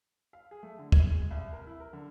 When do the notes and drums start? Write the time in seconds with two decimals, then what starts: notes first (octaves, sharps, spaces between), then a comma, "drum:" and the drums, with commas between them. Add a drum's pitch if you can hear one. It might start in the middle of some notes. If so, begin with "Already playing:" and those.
0.33 F5
0.51 G#4
0.63 A3
0.79 D3
0.92 G#6, drum: kick
1.11 G#3
1.31 C2
1.53 A#4
1.66 E4
1.80 A#4
1.93 D3